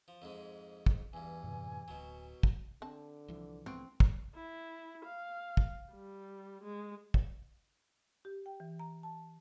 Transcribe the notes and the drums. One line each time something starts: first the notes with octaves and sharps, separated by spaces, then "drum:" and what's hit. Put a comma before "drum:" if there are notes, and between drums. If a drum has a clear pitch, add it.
F3
F2 G#2 G#3
drum: kick
E2 G2 G#5
F#2 A2 C3
D1 B2 F#3
drum: kick
D3 C4 A5
C2 E3 F3
A3 B3 C4
drum: kick
E4
F5
drum: kick
G3
G#3
drum: kick
G4
G5
E3
A#5
A5